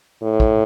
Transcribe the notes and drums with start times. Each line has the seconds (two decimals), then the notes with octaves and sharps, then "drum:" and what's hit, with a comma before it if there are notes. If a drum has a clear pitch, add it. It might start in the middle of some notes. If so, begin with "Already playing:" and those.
0.23 A2
0.40 drum: kick